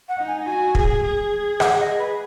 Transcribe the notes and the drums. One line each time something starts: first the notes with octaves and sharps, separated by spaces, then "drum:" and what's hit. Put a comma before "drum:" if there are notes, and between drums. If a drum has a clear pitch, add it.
F#5
D#4
G#5
F#4 G#5
G#4, drum: kick
G#4
F#5, drum: rim click
D#5
B4